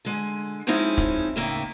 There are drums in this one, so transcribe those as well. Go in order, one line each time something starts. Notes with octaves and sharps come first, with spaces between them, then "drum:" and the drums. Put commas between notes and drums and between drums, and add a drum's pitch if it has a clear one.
D3 G#3 G#5
F3 G#3 C4 C#4 D#4 E4, drum: hi-hat
drum: kick E1, hi-hat
A2 C#3 A#3 D#4 E5 G5